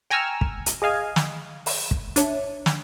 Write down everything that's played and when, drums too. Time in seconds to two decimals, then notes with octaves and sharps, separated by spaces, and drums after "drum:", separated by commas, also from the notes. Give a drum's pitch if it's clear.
0.10 G5 G#5 A#5 C#6 E6 F6
0.41 drum: kick
0.66 drum: hi-hat
0.82 G#4 D#5 F5 G#5
1.16 drum: snare
1.66 drum: open hi-hat
1.91 drum: kick
2.16 D4 C#5 E5, drum: hi-hat
2.66 drum: snare